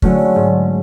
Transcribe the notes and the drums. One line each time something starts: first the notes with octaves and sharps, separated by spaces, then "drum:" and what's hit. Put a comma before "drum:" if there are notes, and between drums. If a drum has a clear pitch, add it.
D3 F#3 G#3 A3 C#4, drum: kick
G#2